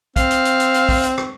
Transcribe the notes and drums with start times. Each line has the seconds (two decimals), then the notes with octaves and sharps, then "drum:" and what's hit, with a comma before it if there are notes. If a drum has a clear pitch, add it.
0.16 C4 F5, drum: kick, hi-hat
0.31 drum: hi-hat
0.45 drum: hi-hat
0.60 drum: hi-hat
0.74 drum: hi-hat
0.89 drum: kick, open hi-hat
1.03 drum: hi-hat
1.18 drum: rim click